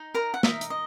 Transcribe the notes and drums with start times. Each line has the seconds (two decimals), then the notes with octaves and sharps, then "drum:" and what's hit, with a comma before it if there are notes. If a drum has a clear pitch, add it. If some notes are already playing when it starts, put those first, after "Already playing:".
Already playing: D#4 D#5
0.14 A#4 A#5
0.34 F#5
0.43 D#4 A#4 D#5 E5, drum: snare
0.61 drum: hi-hat
0.70 D#5